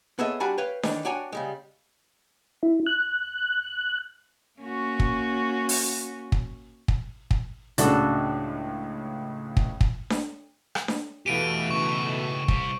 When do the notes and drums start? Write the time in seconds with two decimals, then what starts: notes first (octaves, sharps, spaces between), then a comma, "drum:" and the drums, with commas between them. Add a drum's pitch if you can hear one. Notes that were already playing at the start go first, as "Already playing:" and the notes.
0.19 B3 G#4 A4 C#5 D#5 E5
0.40 G3 D4 F#4 D5 G#5 B5
0.58 B4 C#5 F5 G5
0.83 D#3 E3 D4 A4 C#5, drum: snare D4
1.05 D4 F#4 C#5 G5 G#5
1.32 C#3 G3 G#3
2.63 E4
2.87 F#6
4.60 A#3 C#4 F#4
5.00 drum: kick
5.69 drum: open hi-hat
6.32 drum: kick
6.88 drum: kick
7.31 drum: kick
7.78 C#2 A2 C#3 D4 F#4 A4, drum: hi-hat
9.57 drum: kick
9.81 drum: kick
10.10 drum: snare D4
10.75 drum: rim click
10.88 drum: snare D4
11.26 B2 E3 A3 G4 F5 D7 D#7
11.71 C#3 D#4 C#6
12.48 C3 G3, drum: kick